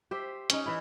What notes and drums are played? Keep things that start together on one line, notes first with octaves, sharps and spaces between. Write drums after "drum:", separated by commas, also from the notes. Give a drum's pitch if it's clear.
G4 C5 E5
C#4 D#4, drum: hi-hat
E3 E4